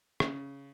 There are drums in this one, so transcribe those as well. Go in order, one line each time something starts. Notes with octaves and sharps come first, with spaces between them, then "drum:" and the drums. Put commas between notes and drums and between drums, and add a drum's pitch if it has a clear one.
C#3, drum: rim click